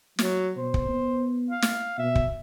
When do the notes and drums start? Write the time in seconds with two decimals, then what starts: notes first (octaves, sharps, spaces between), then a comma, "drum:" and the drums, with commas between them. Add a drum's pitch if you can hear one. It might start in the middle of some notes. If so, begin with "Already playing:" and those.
0.19 F#3, drum: snare
0.56 B2 C5
0.74 drum: kick
0.89 B3
1.50 F5
1.62 drum: snare
1.98 B2 E5
2.15 drum: kick